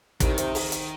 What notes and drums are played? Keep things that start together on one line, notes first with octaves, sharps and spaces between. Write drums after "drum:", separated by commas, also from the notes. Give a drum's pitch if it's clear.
C2 D#3, drum: kick, hi-hat
C3, drum: hi-hat
drum: open hi-hat
drum: hi-hat